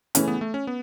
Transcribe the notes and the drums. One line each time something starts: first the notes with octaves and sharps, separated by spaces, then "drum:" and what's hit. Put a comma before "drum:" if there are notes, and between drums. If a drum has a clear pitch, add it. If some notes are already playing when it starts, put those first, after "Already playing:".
C#3 E3 A3 C#4, drum: hi-hat
B3
A3
C#4
B3